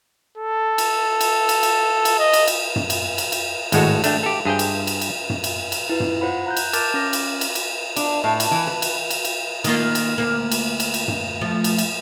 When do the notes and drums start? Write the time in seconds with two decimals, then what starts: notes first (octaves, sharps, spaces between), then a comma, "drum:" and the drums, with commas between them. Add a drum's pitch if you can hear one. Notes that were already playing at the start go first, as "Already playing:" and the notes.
0.37 A4
0.78 drum: cymbal
1.21 drum: cymbal
1.49 drum: cymbal
1.63 drum: cymbal
2.05 drum: cymbal
2.19 D#5
2.33 drum: cymbal
2.47 drum: cymbal
2.76 drum: tom F#2
2.90 drum: cymbal
3.18 drum: cymbal
3.32 drum: cymbal
3.72 G#1 A2 G#3 F#4 A4, drum: cymbal
4.04 A3 D4 G5, drum: cymbal
4.23 G4 A4
4.45 G2 G#4 C5 G5
4.59 drum: cymbal
4.87 drum: cymbal
5.01 drum: cymbal
5.30 drum: tom F#2
5.44 drum: cymbal
5.72 drum: cymbal
5.89 E4 F4 B4
6.00 drum: tom F#2
6.21 F4 C5 F5 F#5 B5
6.46 A#5 F#6 G6
6.57 drum: cymbal
6.73 A#4 A5 D6 F6 G6 A6, drum: cymbal
6.94 C#4 D6 F6 A#6
7.13 drum: cymbal
7.41 drum: cymbal
7.55 drum: cymbal
7.96 D4, drum: cymbal
8.24 A2
8.40 drum: cymbal
8.51 E3
8.67 B4
8.82 drum: cymbal
9.10 drum: cymbal
9.25 drum: cymbal
9.64 D#3 A#3 F4, drum: cymbal
9.95 drum: cymbal
10.18 D2 A#3
10.51 drum: cymbal
10.80 drum: cymbal
10.94 drum: cymbal
11.08 drum: tom F#2
11.41 F3 A3
11.64 drum: cymbal
11.78 drum: cymbal